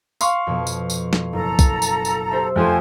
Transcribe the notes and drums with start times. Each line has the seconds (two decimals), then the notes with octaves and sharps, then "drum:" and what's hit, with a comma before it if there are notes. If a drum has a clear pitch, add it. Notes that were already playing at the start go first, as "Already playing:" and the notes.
0.21 F5 C6 C#6, drum: tambourine
0.47 F2 B2
0.67 drum: tambourine
0.90 drum: tambourine
1.13 drum: snare
1.33 F#1 A4 A#5
1.59 drum: kick, tambourine
1.82 drum: tambourine
2.05 drum: tambourine
2.31 G4 C5 E5
2.56 F2 F3 A3 C5 G#5 F#6 E7